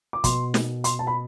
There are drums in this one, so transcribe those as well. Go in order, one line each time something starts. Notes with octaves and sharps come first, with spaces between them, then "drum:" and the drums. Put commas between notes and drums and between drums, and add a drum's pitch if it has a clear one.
D6
B2 C6, drum: kick, hi-hat
drum: snare
C6, drum: hi-hat
A5
B5